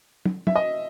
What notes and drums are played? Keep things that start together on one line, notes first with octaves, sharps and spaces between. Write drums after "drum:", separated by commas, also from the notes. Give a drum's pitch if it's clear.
drum: tom
E5, drum: tom
D#5